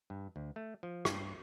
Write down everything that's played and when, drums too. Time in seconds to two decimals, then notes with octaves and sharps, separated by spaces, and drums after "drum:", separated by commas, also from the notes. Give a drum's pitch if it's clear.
0.10 G2
0.36 D2
0.56 A3
0.83 F3
1.05 G2, drum: rim click